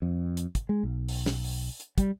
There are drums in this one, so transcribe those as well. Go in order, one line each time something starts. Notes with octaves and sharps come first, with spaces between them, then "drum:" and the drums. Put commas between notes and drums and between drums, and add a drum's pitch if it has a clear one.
F2
drum: hi-hat
drum: kick, hi-hat
G#3
B1
drum: open hi-hat
drum: snare
drum: open hi-hat
drum: hi-hat
G3, drum: kick, hi-hat